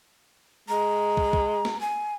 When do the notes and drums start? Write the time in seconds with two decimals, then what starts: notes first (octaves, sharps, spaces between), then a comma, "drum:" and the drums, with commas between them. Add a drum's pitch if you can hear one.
0.69 G#3 A#5
1.17 drum: kick
1.33 drum: kick
1.65 drum: snare
1.81 G#5